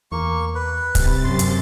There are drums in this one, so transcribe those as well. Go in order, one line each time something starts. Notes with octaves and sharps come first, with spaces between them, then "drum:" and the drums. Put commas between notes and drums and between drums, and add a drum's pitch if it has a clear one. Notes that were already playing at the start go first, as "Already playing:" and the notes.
E2 A#3 C#6
B4
G2 C3 A6, drum: kick, hi-hat
F#2 C6
drum: hi-hat